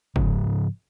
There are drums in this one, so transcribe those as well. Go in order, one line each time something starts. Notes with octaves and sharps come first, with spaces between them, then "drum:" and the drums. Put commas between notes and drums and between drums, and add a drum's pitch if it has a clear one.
G#2 C#3 F3, drum: kick